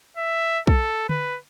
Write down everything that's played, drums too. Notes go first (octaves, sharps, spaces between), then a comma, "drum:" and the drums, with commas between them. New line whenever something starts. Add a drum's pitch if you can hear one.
E5
A4, drum: kick
B4, drum: tom D3